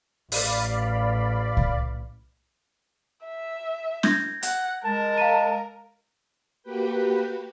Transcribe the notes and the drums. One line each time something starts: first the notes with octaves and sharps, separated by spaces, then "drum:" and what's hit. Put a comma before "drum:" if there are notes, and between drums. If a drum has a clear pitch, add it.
A1 D5 F5 B5, drum: open hi-hat
drum: kick C2
E5
G6 G#6 A#6, drum: snare
F#5, drum: hi-hat
G#3 A#4 A5
F5 A#5 D#7
A#3 F#4 G4 B4 G5